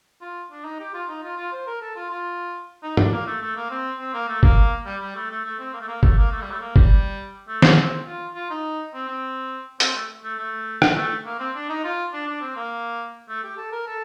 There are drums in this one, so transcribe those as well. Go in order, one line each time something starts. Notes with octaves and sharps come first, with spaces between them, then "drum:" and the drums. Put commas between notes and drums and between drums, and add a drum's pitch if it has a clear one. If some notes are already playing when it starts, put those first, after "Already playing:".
F4
D4
D#4
G4
F4
D#4
F4
F4
C5
A#4
A4
F4
F4
D#4
D4, drum: tom
A#3
A3
A3
A#3
C4
C4
A#3
A3
A#3, drum: kick G1
G3
G3
A3
A3
A3
C4
A#3
A3
A#3
A3, drum: kick G1
A#3
A3
G3
A3
A#3
G3, drum: kick G1
A3
A#3, drum: snare
C4
F4
F4
D#4
C4
C4
C4, drum: hi-hat
A3
A3
A3
drum: rim click
A3
A#3
C4
D4
D#4
F4
D4
D4
C4
A#3
A3
G4
A4
A#4
A4